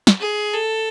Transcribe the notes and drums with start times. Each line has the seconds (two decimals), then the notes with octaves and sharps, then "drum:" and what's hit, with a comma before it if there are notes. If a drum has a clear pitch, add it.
0.07 drum: snare
0.21 G#4
0.54 A4